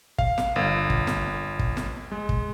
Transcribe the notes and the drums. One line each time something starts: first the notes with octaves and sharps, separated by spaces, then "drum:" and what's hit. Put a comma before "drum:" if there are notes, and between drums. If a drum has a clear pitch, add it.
F5, drum: kick
drum: snare
G1
drum: kick
drum: snare
drum: kick
drum: snare
G#3
drum: kick